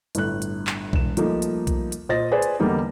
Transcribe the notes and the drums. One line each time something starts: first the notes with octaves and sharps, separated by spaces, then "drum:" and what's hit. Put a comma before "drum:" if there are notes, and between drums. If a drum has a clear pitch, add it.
G1 A2 F#6, drum: hi-hat
drum: hi-hat
drum: clap
E1 E7, drum: kick B1
F3 G3 A3 A#3 D#4, drum: hi-hat
drum: hi-hat
drum: kick B1, hi-hat
drum: hi-hat
A#2 C5 D#5 A6 A#6
G#4 B4 C5 D5
drum: hi-hat
E2 D3 G3 A#3 B3 D#4